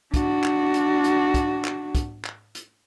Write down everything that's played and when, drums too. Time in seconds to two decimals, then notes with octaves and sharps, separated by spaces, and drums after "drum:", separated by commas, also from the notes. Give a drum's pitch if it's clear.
0.14 D4 F#4, drum: kick, hi-hat
0.44 drum: clap
0.74 drum: hi-hat
1.04 drum: hi-hat
1.34 drum: kick, hi-hat
1.64 drum: clap
1.95 drum: kick, hi-hat
2.25 drum: clap
2.55 drum: hi-hat